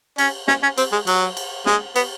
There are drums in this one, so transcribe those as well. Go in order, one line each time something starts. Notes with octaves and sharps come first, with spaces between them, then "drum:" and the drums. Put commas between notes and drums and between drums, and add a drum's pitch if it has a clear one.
C#4, drum: cymbal
C#4, drum: snare
C#4
C4, drum: cymbal
G#3
F#3, drum: cymbal
drum: cymbal
G#3, drum: snare
B3, drum: cymbal